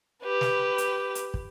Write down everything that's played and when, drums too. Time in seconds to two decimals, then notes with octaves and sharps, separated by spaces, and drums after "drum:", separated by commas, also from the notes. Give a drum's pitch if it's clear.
0.22 G4 B4
0.41 drum: snare
0.78 drum: hi-hat
1.15 drum: hi-hat
1.34 drum: kick